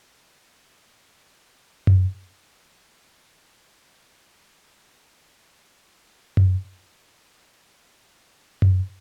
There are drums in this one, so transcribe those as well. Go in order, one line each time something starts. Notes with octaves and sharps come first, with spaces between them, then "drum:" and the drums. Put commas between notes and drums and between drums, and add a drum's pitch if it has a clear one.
A#4 E5 E7
drum: tom F#2
F#3
C#2 D#5 A#5 B5
drum: tom F#2
A3 D#4 C#5
drum: tom F#2